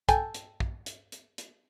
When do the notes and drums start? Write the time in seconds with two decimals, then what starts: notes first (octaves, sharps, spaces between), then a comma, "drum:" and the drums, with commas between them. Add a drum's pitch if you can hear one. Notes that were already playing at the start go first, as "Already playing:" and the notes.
0.09 A4 G5 G#5, drum: kick, hi-hat
0.34 drum: hi-hat
0.60 drum: kick
0.86 drum: hi-hat
1.12 drum: hi-hat
1.38 drum: hi-hat